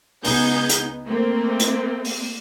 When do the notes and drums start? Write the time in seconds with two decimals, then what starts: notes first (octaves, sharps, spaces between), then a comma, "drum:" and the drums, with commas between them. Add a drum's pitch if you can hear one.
0.24 C#2 B3 D#4 G#4 G6, drum: open hi-hat
0.69 drum: hi-hat
1.06 A3 A#3 C4
1.59 drum: hi-hat
2.05 drum: open hi-hat